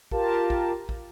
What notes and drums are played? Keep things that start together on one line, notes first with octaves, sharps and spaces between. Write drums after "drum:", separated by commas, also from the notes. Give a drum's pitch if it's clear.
F4 G4 A#4 A5, drum: kick A1
drum: kick A1
drum: kick A1